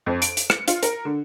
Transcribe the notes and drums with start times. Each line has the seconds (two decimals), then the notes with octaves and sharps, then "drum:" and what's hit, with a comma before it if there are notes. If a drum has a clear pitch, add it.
0.06 F2
0.22 D7, drum: hi-hat
0.37 drum: hi-hat
0.50 C#7, drum: rim click
0.68 F4, drum: hi-hat
0.83 A#4, drum: hi-hat
1.05 D3